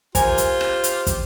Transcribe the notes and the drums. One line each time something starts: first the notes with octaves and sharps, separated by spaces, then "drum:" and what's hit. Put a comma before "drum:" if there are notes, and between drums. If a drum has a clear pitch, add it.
F4 G4 A#4 C5 G#5, drum: kick, hi-hat
drum: hi-hat
drum: rim click
drum: hi-hat
drum: kick, hi-hat